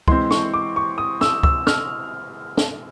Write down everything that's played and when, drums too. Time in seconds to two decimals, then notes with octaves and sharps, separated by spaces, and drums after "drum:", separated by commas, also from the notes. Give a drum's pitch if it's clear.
0.08 E3 G#3 C4 C6, drum: kick C#2
0.31 C#6, drum: snare
0.54 D6
0.76 C#6
0.98 D#6
1.21 E6, drum: snare
1.43 E6, drum: kick C#2
1.67 F6, drum: snare
2.57 drum: snare